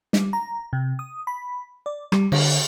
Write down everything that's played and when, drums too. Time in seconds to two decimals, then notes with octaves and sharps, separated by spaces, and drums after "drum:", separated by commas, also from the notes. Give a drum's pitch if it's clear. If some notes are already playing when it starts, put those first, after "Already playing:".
0.13 G3, drum: snare
0.33 A#5
0.73 C3
0.99 D#6
1.27 B5
1.86 D5
2.12 G3, drum: rim click
2.32 D3, drum: cymbal